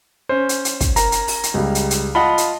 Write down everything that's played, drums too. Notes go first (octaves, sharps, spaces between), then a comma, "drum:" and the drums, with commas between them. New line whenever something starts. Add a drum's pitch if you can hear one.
C#4 C5
drum: hi-hat
drum: hi-hat
drum: kick, hi-hat
A#4 A#5, drum: hi-hat
drum: hi-hat
drum: open hi-hat
drum: hi-hat
C#2 G3
drum: hi-hat
drum: hi-hat
F4 D#5 F#5 A5 B5 G7
drum: hi-hat